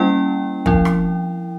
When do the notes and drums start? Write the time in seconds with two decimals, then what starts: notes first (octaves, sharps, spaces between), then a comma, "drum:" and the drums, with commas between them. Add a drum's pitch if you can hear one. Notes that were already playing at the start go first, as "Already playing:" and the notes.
Already playing: G3 A#3 C#4 E4 G5
0.66 F3 C4 E4, drum: kick
0.85 drum: rim click